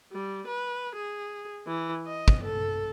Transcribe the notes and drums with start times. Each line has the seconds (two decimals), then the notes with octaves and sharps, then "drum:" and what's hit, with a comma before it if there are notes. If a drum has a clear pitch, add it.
0.13 G3
0.47 B4
0.95 G#4
1.67 E3
2.07 D#5
2.28 drum: kick
2.44 A4